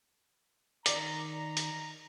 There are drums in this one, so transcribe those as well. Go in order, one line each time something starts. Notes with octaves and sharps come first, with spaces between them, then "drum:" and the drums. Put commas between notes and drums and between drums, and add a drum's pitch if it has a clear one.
D#3 D5 D#5 A#5, drum: hi-hat
drum: hi-hat